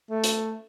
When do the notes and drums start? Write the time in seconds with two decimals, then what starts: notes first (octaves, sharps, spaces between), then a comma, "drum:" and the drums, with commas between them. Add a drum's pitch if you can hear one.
0.11 A3
0.24 drum: hi-hat